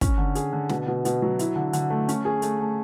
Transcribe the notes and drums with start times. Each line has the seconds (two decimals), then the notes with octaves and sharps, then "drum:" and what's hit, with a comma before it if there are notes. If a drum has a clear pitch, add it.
0.01 C#4, drum: kick, hi-hat
0.18 D3
0.35 G#4, drum: hi-hat
0.53 D3
0.69 B2, drum: snare
0.87 B2
1.05 B2, drum: hi-hat
1.22 F#3
1.39 E4, drum: hi-hat
1.56 D3
1.73 D3, drum: hi-hat
1.90 A3
2.09 C#4, drum: hi-hat
2.25 G#4
2.42 A3, drum: hi-hat
2.60 A3